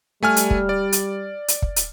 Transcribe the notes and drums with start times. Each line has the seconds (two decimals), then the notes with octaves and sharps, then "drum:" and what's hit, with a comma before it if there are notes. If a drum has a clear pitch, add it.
0.23 G3 A3 G#5 F6
0.37 drum: hi-hat
0.50 drum: kick
0.69 D5
0.92 drum: hi-hat
1.48 drum: hi-hat
1.62 drum: kick
1.76 drum: hi-hat